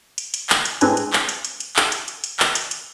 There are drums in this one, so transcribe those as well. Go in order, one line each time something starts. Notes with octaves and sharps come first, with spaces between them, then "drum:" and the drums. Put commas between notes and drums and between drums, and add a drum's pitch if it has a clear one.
drum: hi-hat
drum: hi-hat
drum: clap
drum: hi-hat
A2 G#3 C4 D4 B4 G#5, drum: hi-hat
drum: hi-hat
drum: clap
drum: hi-hat
drum: hi-hat
drum: hi-hat
drum: clap
drum: hi-hat
drum: hi-hat
drum: hi-hat
drum: clap
drum: hi-hat
drum: hi-hat